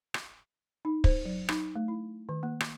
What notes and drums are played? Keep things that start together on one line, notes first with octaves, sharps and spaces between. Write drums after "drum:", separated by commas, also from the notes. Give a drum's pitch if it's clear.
drum: rim click
D#4
C5, drum: kick
F#3
D#4, drum: rim click
A3
E4
D#3
A#3
drum: rim click